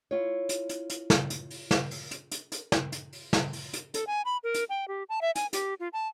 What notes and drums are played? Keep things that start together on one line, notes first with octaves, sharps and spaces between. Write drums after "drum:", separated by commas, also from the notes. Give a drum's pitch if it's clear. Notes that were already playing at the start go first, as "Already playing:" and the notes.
E4 F4 C#5
drum: hi-hat
drum: hi-hat
drum: hi-hat
drum: snare
drum: hi-hat
drum: open hi-hat
drum: snare
drum: open hi-hat
drum: hi-hat
drum: hi-hat
drum: hi-hat
drum: snare
drum: hi-hat
drum: open hi-hat
drum: snare
drum: open hi-hat
drum: hi-hat
A4, drum: hi-hat
G#5
B5
A#4
drum: hi-hat
G5
G4
A5
E5
G#5, drum: hi-hat
G4, drum: hi-hat
F4
A5